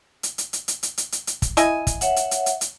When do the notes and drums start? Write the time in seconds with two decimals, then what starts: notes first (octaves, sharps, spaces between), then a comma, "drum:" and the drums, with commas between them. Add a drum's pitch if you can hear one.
0.23 drum: hi-hat
0.38 drum: hi-hat
0.53 drum: hi-hat
0.68 drum: hi-hat
0.83 drum: hi-hat
0.98 drum: hi-hat
1.12 drum: hi-hat
1.27 drum: hi-hat
1.42 drum: kick, hi-hat
1.57 E4 D#5 G#5, drum: hi-hat
1.87 drum: kick, hi-hat
2.01 C#5 E5 F#5, drum: hi-hat
2.16 drum: hi-hat
2.31 drum: hi-hat
2.46 drum: hi-hat
2.61 drum: hi-hat